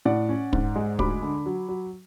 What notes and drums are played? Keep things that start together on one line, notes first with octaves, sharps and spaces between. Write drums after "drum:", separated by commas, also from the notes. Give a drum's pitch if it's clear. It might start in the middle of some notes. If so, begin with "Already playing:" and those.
A2 D5 F#5
C#4
G#2, drum: kick
G#3
D2 B5 D6, drum: kick
D3
F#3
F#3